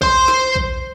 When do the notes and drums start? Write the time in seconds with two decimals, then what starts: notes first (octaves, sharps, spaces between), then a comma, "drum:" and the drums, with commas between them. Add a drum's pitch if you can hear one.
0.02 C5 C6, drum: kick A#1
0.28 drum: snare
0.56 drum: kick A#1